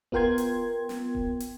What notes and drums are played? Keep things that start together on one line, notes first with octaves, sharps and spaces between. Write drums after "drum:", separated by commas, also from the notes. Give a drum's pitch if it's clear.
B3 F4 A#4 G5 C6 G#6, drum: kick D#1
drum: hi-hat
drum: snare
drum: kick D#1
drum: hi-hat